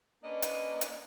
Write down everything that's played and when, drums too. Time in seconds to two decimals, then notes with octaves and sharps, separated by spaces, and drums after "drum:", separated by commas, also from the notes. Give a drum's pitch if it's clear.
0.23 A#3 C#4 D4 B4 D5 D#5
0.42 drum: hi-hat
0.81 drum: hi-hat